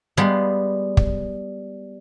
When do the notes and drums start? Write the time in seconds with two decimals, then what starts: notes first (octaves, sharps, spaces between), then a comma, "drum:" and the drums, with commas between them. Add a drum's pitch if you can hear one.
0.17 G3 G#3 B3 G#4 F5
0.97 drum: kick